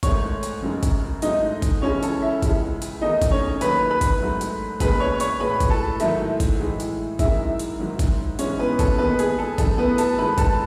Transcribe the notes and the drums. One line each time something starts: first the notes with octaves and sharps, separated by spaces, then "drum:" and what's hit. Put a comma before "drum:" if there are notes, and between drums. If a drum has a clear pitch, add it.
G#2 D#3 A3 C#5 C#6, drum: kick G1, hi-hat
drum: hi-hat
F#2 C#3 G#3
drum: kick G1, hi-hat
G#2 F#3 A3 D#4 D#5, drum: hi-hat
drum: kick G1, hi-hat
C#2 C#3 E3 G#3 C#4 C#5
A4, drum: hi-hat
E4 E5
C#2 C#3 G#3, drum: kick G1, hi-hat
drum: hi-hat
E2 D#3 A3 D#4 D#5
drum: kick G1, hi-hat
C#4 C#5
D#2 D#3 F#3 B4 B5, drum: hi-hat
B4 B5
drum: kick G1, hi-hat
G#2 F#3 A3
drum: hi-hat
D#2 C#3 G#3 B4 B5, drum: kick G1, hi-hat
C#5 C#6
C#5 C#6, drum: hi-hat
A2 G#3 B4 B5
drum: kick G1, hi-hat
A4 A5
G#2 D#3 F#3 A3 E4 E5, drum: hi-hat
drum: kick G1, hi-hat
A2 E3 G#3
drum: hi-hat
F#2 D#3 G#3 E4 E5, drum: kick G1, hi-hat
drum: hi-hat
G#2 D#3 F#3
drum: kick G1, hi-hat
G#2 E3 G#3 C#4 C#5, drum: hi-hat
B3 B4
A4, drum: kick G1, hi-hat
D#2 D#3 G#3 B3 B4
G#4, drum: hi-hat
A4
F#2 E3 A3 A4, drum: kick G1, hi-hat
B3 B4
A4 A5, drum: hi-hat
G#2 D#3 G#3 B4 B5
A4 A5, drum: kick G1, hi-hat